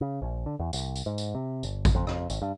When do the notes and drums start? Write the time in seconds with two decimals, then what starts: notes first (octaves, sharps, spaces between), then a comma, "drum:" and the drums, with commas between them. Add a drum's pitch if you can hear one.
0.01 C#3
0.22 A#1
0.46 D3
0.59 E2
0.73 C2, drum: tambourine
0.96 drum: tambourine
1.06 G#2
1.18 drum: tambourine
1.35 C3
1.63 G1, drum: tambourine
1.85 drum: kick A1, tambourine
1.95 F2
2.07 F2, drum: rim click
2.30 G#1, drum: tambourine
2.42 G2